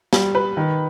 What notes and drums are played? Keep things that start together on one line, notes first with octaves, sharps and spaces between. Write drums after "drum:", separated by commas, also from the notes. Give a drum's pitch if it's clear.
G3, drum: snare
B4
D#3